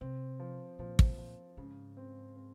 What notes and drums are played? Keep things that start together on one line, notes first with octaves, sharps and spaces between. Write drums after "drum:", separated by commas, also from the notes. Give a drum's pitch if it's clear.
C3 C4
F3
A#2 F3
drum: kick
F3
G#2 C#3
C4
C4